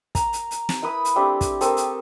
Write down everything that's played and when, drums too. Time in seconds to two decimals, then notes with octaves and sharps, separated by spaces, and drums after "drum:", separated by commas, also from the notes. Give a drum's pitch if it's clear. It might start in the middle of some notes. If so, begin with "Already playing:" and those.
0.15 A#5, drum: kick, hi-hat
0.33 drum: hi-hat
0.51 drum: hi-hat
0.69 drum: snare
0.82 E4 B4 B5 D#6
1.05 drum: hi-hat
1.16 A3 C4 D4 G4
1.41 drum: kick, hi-hat
1.61 C4 A4 A#4 D#6, drum: hi-hat
1.77 drum: hi-hat